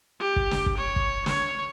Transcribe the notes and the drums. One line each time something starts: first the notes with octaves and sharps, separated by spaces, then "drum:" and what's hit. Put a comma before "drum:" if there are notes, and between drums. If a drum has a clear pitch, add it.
G4
drum: kick
drum: snare
drum: kick
C#5
drum: kick
C#5, drum: snare